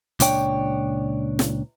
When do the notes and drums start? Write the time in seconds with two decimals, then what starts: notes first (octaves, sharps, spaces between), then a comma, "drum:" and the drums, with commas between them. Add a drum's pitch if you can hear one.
0.20 C#2 A#2 D4 C#5 G5, drum: hi-hat
1.39 drum: snare